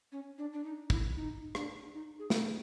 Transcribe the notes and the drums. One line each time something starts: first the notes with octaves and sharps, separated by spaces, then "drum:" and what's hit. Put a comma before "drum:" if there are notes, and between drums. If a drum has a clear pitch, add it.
C#4
D4
D4
D#4
E4, drum: kick
D#4
D4, drum: rim click
D#4
G#4
drum: snare
G#4